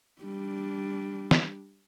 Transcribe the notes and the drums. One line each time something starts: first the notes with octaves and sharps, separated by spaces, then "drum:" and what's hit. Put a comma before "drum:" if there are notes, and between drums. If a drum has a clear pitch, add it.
G3 D4
drum: snare